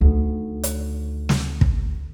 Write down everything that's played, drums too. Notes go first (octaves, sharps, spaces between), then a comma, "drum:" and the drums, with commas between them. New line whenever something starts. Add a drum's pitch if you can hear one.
D2 D#3
drum: hi-hat
drum: snare
drum: kick